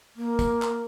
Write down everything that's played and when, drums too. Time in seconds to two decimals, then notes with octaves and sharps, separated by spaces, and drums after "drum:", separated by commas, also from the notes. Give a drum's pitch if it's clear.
0.16 A#3
0.39 drum: kick, tambourine
0.62 drum: clap